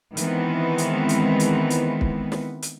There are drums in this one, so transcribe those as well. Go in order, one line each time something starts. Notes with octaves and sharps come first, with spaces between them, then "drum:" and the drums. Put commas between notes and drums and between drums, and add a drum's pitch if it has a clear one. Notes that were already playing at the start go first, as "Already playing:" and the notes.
D#3 E3 G#3 B3 C4, drum: hi-hat
drum: hi-hat
drum: hi-hat
drum: hi-hat
drum: hi-hat
drum: kick
drum: snare
drum: hi-hat